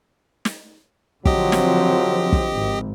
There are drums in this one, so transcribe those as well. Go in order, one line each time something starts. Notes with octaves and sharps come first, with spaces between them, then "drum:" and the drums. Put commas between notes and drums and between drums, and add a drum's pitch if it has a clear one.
drum: snare
D3 F3 F#3 C4 G4 D#5, drum: kick
drum: snare
drum: kick
G#1